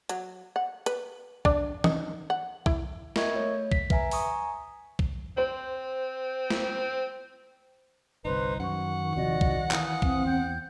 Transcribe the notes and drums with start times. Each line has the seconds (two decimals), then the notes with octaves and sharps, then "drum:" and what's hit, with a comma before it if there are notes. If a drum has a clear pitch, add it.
0.09 F#3, drum: hi-hat
0.56 F#5
0.86 B4, drum: hi-hat
1.45 D4, drum: kick
1.84 D#4, drum: tom E3
2.30 F#5
2.66 E4, drum: kick
3.16 A#4 D#5 E5 C#6 G#6, drum: snare
3.34 A3 C#5
3.72 B6, drum: kick
3.90 B4 E5 G#5 A#5, drum: kick
4.11 G#5 A#5 C#6 D#6, drum: open hi-hat
4.99 drum: kick
5.37 C4 C5 F#7
6.50 drum: snare
8.25 G1 C2 D#4 B4 C5 C6
8.60 F#2 D#3 F#5 C#6
9.16 D#1 C3 F3 F#4 D5 D#5
9.41 drum: kick
9.71 E3 F5 G#5 D#6, drum: clap
10.02 C4, drum: kick
10.25 E2 G5 G6